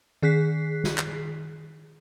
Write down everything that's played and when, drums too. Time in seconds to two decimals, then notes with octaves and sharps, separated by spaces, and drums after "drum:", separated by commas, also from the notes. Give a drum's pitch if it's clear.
0.23 D#3 G#4 F#6 B6 C7
0.84 drum: snare
0.98 drum: clap